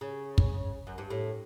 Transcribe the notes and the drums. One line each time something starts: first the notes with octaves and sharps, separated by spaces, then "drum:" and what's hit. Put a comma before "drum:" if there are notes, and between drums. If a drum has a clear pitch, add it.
C#3
drum: kick
F#2
G2
A2